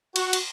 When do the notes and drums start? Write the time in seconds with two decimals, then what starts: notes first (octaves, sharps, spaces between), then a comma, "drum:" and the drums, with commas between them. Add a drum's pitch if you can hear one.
0.16 F#4, drum: cymbal
0.33 drum: cymbal